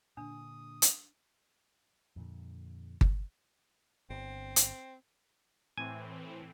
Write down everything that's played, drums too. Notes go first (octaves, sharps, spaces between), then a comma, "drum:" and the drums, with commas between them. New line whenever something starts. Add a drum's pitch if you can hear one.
A#2 D3 D4 D#6
drum: hi-hat
F2 A#2 D3
drum: kick G1
G1 C4
drum: hi-hat
A2 E3 C4 G#5